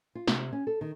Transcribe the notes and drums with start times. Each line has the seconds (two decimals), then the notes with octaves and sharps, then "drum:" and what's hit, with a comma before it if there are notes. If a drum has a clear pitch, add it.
0.15 F4
0.28 C3, drum: snare
0.53 C#4
0.67 A4
0.81 D#3